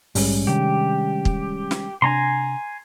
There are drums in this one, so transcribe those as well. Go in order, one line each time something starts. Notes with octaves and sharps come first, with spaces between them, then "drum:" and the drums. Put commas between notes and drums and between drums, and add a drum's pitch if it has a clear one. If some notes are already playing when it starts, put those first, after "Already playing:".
A#1 G#2 G3 G#3 C#4, drum: open hi-hat
C3 D#3 D4 G4
drum: kick
drum: snare
C3 C4 D4 G#5 A#5 C6